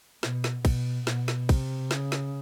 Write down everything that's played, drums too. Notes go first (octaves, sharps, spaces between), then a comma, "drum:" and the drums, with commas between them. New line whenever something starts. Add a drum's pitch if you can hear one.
B2, drum: snare
drum: snare
B2, drum: kick, cymbal
B2, drum: snare
drum: snare
C3, drum: kick, cymbal
C#3, drum: snare
drum: snare